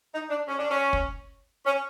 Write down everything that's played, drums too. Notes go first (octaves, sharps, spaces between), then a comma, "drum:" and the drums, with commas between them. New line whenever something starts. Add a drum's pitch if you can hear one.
D#4
D4
C#4
D4
C#4
drum: kick
C#4